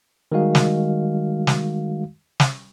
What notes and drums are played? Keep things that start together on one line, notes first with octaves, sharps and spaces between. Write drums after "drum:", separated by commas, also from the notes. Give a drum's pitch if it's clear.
D#3 G3 G#3 F#4 F5
drum: snare
drum: snare
drum: snare